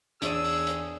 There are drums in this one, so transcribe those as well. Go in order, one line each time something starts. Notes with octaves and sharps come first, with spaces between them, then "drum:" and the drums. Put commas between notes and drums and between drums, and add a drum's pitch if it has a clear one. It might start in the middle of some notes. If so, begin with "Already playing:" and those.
E2 D4 G#4 C#5 E6 D#7, drum: hi-hat
drum: open hi-hat
drum: hi-hat